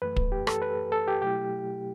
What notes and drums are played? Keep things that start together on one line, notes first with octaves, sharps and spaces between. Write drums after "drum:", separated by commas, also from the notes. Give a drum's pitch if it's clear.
F#2 E3 A3 B4
drum: kick
G4
A4, drum: rim click
B4
A4
G4
B2 F#3 A3 E4 G4